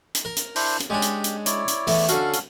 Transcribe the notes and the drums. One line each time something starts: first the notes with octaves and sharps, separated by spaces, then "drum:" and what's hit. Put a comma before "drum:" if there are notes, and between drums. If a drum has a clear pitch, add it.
drum: hi-hat
A#4
drum: hi-hat
D4 E4 C5, drum: open hi-hat
drum: hi-hat
G#3 C#4 D4 G4
drum: hi-hat
drum: hi-hat
E4 C#5 D5, drum: hi-hat
drum: hi-hat
E2 A3 D6, drum: open hi-hat
D3 C#4 F#4 A4 F5, drum: hi-hat
drum: hi-hat